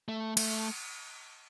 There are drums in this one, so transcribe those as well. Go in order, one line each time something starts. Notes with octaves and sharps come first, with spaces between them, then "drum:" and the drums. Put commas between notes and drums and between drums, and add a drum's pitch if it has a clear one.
A3
A3, drum: cymbal